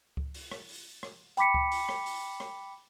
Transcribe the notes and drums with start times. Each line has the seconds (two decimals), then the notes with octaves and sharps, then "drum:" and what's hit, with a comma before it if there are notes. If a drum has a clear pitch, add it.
0.17 drum: kick C#2
0.34 drum: open hi-hat
0.51 drum: rim click
0.69 drum: open hi-hat
1.03 drum: rim click
1.37 G5 B5 D6 B6 C#7, drum: hi-hat
1.54 drum: kick C#2
1.72 drum: open hi-hat
1.89 drum: rim click
2.06 drum: open hi-hat
2.40 drum: rim click